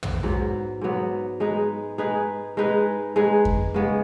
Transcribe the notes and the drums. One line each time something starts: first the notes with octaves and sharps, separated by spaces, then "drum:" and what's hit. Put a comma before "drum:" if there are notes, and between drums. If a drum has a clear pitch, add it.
drum: tom
G#2 F#3 B3
G#2 F#3 B3
G#3 D#4 G#4 B4
G#3 D#4 G#4 B4
G#3 D#4 G#4 B4
G#3 D#4 G#4 B4
drum: kick F2
C#3 G#3 B3